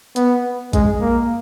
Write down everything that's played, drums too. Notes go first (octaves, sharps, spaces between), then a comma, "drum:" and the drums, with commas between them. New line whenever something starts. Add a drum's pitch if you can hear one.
B3, drum: hi-hat
G#3, drum: kick A#1, hi-hat
A#3